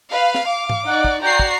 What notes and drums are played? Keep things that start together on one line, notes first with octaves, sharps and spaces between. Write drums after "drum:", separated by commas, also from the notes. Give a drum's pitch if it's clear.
B4 F5
drum: snare
D6
drum: tom G#2
D#4 D5 F#5
drum: kick
F#4 D5 G5 A#5 C7
drum: kick